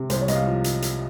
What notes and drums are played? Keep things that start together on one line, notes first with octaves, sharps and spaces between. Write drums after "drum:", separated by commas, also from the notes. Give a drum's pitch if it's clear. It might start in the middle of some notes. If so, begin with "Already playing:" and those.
Already playing: C3
C2 C5, drum: hi-hat
C#5
C2 D#5, drum: hi-hat
F5
F3
drum: hi-hat
drum: hi-hat